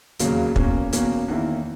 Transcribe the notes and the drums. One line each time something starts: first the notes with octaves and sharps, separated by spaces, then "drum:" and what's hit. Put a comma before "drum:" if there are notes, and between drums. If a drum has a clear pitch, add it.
E1 D#2 C#3 F#3 A#3, drum: hi-hat
E2 B2 A#3 C#4, drum: kick
E2 B2 A#3 C#4, drum: hi-hat
E2 D#3 A#3 E4